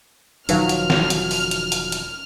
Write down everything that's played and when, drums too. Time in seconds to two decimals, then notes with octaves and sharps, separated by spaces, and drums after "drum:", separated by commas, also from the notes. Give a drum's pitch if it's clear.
0.49 E1 D#3 F3 F#3 D#4 B4 F5 F6, drum: hi-hat
0.69 drum: hi-hat
0.90 drum: snare
1.10 drum: hi-hat
1.31 drum: open hi-hat
1.51 drum: hi-hat
1.72 drum: hi-hat
1.92 drum: hi-hat